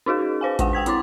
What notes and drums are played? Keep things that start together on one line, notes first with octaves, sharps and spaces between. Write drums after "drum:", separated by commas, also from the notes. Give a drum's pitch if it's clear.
C#4 D#4 F#4 G#4
B4 C5 F5 G#5
G#3 D4 F#5, drum: kick A1, hi-hat
F#5 G5 G#6 B6
C4 E4 C6 D6 A6, drum: hi-hat